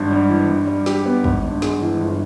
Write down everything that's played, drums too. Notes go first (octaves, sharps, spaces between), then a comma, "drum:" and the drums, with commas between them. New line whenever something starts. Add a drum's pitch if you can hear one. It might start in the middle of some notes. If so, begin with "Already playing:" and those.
Already playing: G#1 G2
G3
E3
G2
G3
G4, drum: snare
B3
G#1, drum: kick
G2
G#3, drum: snare
E3
G1